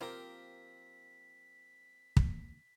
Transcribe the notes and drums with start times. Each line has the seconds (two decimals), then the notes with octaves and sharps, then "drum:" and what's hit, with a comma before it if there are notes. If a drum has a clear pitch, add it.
0.01 F3 A#3 C4 G4 A#4 B6
2.17 drum: kick